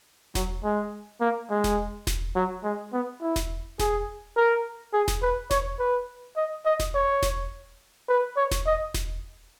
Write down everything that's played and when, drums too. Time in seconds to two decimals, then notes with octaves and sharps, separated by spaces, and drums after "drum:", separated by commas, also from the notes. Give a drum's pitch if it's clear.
0.35 F#3, drum: snare E1
0.64 G#3
1.21 A#3
1.50 G#3
1.64 drum: snare E1
2.07 drum: snare E1
2.35 F#3
2.64 G#3
2.93 B3
3.21 E4
3.36 drum: snare E1
3.79 G#4, drum: snare E1
4.37 A#4
4.93 G#4
5.08 drum: snare E1
5.22 B4
5.51 C#5, drum: snare E1
5.79 B4
6.37 D#5
6.66 D#5
6.80 drum: snare E1
6.94 C#5
7.23 drum: snare E1
8.09 B4
8.37 C#5
8.51 drum: snare E1
8.66 D#5
8.94 drum: snare E1